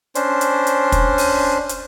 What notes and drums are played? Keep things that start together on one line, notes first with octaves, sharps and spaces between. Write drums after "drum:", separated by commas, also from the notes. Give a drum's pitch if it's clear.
C#4 D4 C5, drum: hi-hat
drum: hi-hat
drum: hi-hat
drum: kick, hi-hat
drum: open hi-hat
drum: hi-hat